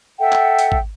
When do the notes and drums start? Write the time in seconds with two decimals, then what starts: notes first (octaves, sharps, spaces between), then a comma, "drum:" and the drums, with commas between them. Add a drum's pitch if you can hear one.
0.19 A4 E5 F#5 G5
0.32 drum: clap
0.59 drum: hi-hat
0.72 drum: kick